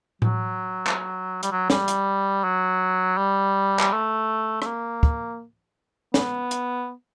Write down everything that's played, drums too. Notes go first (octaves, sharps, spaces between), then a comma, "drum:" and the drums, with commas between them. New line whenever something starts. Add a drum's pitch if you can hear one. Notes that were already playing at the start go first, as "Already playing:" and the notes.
F#3, drum: tom A2
drum: clap
G3, drum: hi-hat
F#3
G3, drum: snare
drum: hi-hat
F#3
G3
drum: clap
A3
A3, drum: rim click
A#3
drum: kick
B3, drum: snare
drum: hi-hat